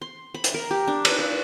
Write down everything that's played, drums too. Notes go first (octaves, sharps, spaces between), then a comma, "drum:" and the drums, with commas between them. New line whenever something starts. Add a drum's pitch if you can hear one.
C6
B5
drum: hi-hat
A#4
G4
D4
B4, drum: cymbal
B4